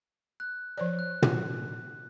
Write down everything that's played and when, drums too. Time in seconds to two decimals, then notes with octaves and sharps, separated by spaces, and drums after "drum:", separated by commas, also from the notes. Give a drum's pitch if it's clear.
0.40 F#6
0.78 F3 C5 D5
0.99 F#6
1.22 drum: tom